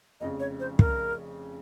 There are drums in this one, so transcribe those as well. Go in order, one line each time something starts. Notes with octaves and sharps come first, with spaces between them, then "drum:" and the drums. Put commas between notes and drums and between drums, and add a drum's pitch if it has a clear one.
F1 F2 C#3 D#5
C#5
C5
A#4, drum: kick